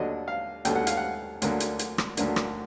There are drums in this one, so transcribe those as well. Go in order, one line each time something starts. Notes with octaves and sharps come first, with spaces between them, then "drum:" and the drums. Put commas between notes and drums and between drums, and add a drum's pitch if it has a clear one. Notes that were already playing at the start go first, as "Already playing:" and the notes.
Already playing: D#2 D3 F#3 A3 D4 D#5
F5
D#2 D3 F#3 A3 D4 G5, drum: hi-hat
F#5
F5, drum: hi-hat
F#5
D2 D3 F#3 A#3 D4, drum: hi-hat
drum: hi-hat
drum: hi-hat
drum: rim click
D2 D3 F#3 A#3 D4, drum: hi-hat
drum: rim click